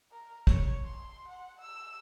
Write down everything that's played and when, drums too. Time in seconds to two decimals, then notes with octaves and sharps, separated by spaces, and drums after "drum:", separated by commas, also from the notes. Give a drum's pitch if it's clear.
0.12 A#4
0.47 C#5, drum: kick
0.84 C6
1.28 F#5
1.61 E6